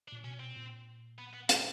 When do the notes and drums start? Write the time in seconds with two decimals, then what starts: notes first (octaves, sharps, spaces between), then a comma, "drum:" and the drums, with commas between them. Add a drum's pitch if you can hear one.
0.08 D4
0.12 A#2
0.24 B2 C#4
0.39 C4
0.56 A#2
1.19 B3
1.34 B3
1.49 B3, drum: hi-hat